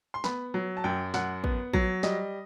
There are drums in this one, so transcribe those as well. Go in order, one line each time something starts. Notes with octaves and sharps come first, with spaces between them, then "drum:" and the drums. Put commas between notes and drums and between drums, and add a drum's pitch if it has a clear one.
C6
B3 B5, drum: snare
F#3
A5
F#2 G5
F#2 F#5, drum: snare
B3, drum: kick
F#3, drum: kick
G3 D#5, drum: snare